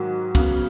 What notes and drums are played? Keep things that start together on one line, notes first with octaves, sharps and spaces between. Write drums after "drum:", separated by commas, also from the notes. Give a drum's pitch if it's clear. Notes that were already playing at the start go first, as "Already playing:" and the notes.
Already playing: G#2 D#3 F#3
C#3 F#3 B3, drum: kick, cymbal